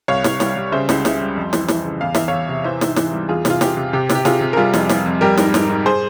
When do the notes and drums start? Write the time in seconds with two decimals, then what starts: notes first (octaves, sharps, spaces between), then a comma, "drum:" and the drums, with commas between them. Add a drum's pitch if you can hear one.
0.08 C2 C#5 F5
0.24 C2, drum: snare
0.40 G3, drum: snare
0.56 G3
0.72 C#3 C5 E5
0.89 C#2, drum: snare
1.05 C#3, drum: snare
1.21 G3
1.36 F2
1.53 E3, drum: snare
1.68 E3, drum: snare
1.85 C#3
2.01 E2 F5
2.15 E2 E5, drum: snare
2.28 E2 C#5 F5
2.49 C3
2.64 E3 C5 E5
2.81 G#2, drum: snare
2.96 E3, drum: snare
3.13 G3
3.29 E2 F4 G#4
3.45 C3, drum: snare
3.50 F4
3.61 C3 G4, drum: snare
3.77 C3
3.93 C3 G4
4.09 C3, drum: snare
4.15 G4
4.25 C3 F4 G#4, drum: snare
4.41 C3
4.53 A#4
4.57 G3 F4 G#4
4.74 F2, drum: snare
4.89 G3, drum: snare
5.06 F2
5.21 G3 G4 A#4
5.37 G#2, drum: snare
5.54 G#2, drum: snare
5.69 G#2
5.86 G#4 C5